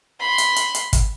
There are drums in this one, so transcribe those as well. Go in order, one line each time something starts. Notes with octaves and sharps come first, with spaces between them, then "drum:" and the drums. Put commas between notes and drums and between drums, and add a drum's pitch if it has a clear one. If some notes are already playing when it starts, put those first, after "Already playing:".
B5 C6
drum: hi-hat
drum: hi-hat
drum: hi-hat
drum: kick, hi-hat